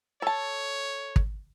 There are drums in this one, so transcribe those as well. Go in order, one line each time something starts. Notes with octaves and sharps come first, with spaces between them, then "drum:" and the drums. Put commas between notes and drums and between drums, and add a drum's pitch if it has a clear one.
A4 C#5 A5
drum: kick